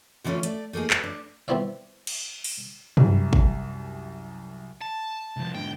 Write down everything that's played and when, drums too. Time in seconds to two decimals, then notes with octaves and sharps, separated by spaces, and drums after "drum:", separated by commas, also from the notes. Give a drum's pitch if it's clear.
0.24 D3 E3 G3 A3 C#4 F4
0.43 A3 D5, drum: hi-hat
0.73 A3 A#3 D#4 G#4
0.90 B4, drum: clap
1.04 D4
1.48 G3 B3 C4 E4 D5 F5
2.07 drum: cymbal
2.44 drum: open hi-hat
2.97 C2 F#2 G3, drum: tom
3.33 drum: kick
4.81 A5
5.37 C2 F3
5.55 G#2 D3 G5